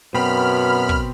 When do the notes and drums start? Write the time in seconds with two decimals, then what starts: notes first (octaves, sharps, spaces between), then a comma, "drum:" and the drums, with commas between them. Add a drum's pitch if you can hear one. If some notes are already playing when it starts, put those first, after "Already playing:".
0.14 F#2 B2 B3 C4 B5 F6
0.89 drum: kick